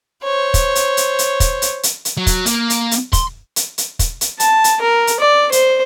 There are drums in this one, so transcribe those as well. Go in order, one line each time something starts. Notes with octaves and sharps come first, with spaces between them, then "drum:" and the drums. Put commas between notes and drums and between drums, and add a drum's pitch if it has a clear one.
C5 C#5
drum: kick, hi-hat
drum: hi-hat
drum: hi-hat
drum: hi-hat
drum: kick, hi-hat
drum: hi-hat
drum: hi-hat
drum: hi-hat
F#3
drum: kick, hi-hat
A#3, drum: hi-hat
drum: hi-hat
drum: hi-hat
C6, drum: kick, hi-hat
drum: hi-hat
drum: hi-hat
drum: kick, hi-hat
drum: hi-hat
A5, drum: hi-hat
drum: hi-hat
A#4
drum: hi-hat
D5
C5, drum: hi-hat